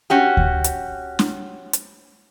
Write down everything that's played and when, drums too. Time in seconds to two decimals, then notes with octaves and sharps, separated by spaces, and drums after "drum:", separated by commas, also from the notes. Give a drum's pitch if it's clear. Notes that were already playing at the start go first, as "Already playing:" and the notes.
0.10 C#4 F#4 G4
0.37 drum: kick D2
0.64 drum: hi-hat
1.19 drum: snare
1.73 drum: hi-hat